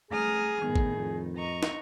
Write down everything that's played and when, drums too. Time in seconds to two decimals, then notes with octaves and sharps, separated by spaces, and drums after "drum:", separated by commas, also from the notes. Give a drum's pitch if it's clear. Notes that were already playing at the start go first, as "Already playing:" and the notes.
0.11 A3 G#4 A#5 D#6 F6
0.63 A2 D#3 B3
0.76 drum: kick G#1
0.97 F2
1.36 D#5 A#5 C#6
1.63 drum: snare